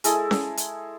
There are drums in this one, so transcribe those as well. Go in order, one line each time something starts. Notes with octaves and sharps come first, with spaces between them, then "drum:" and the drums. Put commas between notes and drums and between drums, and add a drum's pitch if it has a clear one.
G#3 E4 G#4 A4, drum: hi-hat
drum: snare C#4
drum: hi-hat